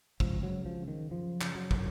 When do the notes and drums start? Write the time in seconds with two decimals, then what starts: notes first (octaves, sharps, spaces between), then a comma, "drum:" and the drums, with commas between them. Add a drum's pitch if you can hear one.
0.20 C#2 F3, drum: kick
0.43 F#3
0.49 C#3
0.66 F3
0.81 C#3
0.88 D#3
1.11 F#2 F3
1.41 C#3, drum: clap
1.55 F#3
1.71 drum: kick